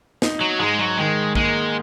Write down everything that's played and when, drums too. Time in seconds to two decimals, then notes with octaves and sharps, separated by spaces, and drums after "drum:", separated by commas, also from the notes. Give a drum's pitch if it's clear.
0.22 D#4, drum: snare
0.41 F#3
0.59 G#2 G#3
0.79 F#3
0.98 D#3 G#3
1.35 G#3 A#3, drum: kick